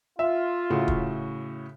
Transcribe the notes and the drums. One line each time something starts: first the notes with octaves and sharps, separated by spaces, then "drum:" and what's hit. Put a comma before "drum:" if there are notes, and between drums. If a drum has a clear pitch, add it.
F4 E5
A2 C#3 F#4
drum: kick